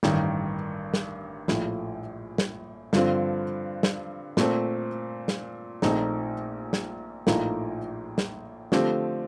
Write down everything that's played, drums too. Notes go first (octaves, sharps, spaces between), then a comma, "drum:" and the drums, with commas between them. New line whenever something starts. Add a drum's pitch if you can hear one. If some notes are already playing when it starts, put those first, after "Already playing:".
A1 G2 D#3, drum: snare
drum: snare
A#1 A2 F3, drum: snare
drum: snare
G2 D3 F3 C4 F4, drum: snare
drum: snare
A#2 A3 C4, drum: snare
drum: snare
A#1 A#2 A3 C4 D#4, drum: snare
drum: snare
A#1 A2 F3 A#3 D#4, drum: snare
drum: snare
D3 F3 A3 C4 G4, drum: snare